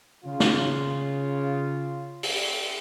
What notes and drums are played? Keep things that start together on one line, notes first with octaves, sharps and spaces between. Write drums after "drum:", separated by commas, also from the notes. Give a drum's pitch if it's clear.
C#3 F4
drum: snare
drum: open hi-hat